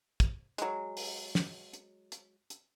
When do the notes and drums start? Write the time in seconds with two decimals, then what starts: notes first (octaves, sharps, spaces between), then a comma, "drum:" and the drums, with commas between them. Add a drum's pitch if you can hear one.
0.20 drum: kick, hi-hat
0.58 F#3 G#3, drum: hi-hat
0.97 drum: open hi-hat
1.35 drum: snare
1.74 drum: hi-hat
2.12 drum: hi-hat
2.50 drum: hi-hat